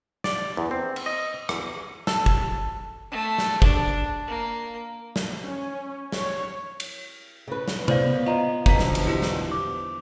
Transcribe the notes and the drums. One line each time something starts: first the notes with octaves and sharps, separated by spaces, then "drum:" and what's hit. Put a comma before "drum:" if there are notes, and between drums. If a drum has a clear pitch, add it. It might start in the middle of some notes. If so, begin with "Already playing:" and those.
D5, drum: snare
E2
C4
drum: cymbal
D#5
E2, drum: rim click
A4, drum: snare
drum: kick
A3
drum: snare
D4, drum: kick
A#3
drum: snare
C#4
C#5, drum: snare
drum: cymbal
C#3 B4
drum: snare
B3 C5 D5 F5, drum: tom C3
F4 D#5 A#5
E2 B2 D3 F3 B3 C#4 A#5 B6, drum: kick
drum: snare
drum: cymbal
E4 G4 B4
drum: snare
D6